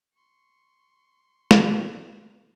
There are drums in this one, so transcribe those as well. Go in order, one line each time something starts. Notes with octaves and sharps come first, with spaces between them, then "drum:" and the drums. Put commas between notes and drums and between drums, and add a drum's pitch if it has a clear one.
C6 C#6
drum: snare